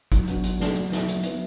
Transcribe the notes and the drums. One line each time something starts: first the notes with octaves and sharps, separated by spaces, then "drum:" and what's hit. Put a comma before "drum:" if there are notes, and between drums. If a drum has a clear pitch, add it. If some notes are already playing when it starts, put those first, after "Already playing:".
F#3, drum: kick G#1, hi-hat
B3 D4 F#4, drum: hi-hat
F#3, drum: hi-hat
B3 D4 F#4, drum: snare
F#3, drum: hi-hat
B3 E4, drum: snare
F#3, drum: hi-hat
B3 E4, drum: hi-hat